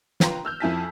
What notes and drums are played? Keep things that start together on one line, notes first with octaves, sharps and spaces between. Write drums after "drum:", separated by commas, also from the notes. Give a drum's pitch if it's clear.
F4 B4 G5 A#5 C6, drum: snare
E6 F6 G6
F2 F3 E4 G#5 A5 B6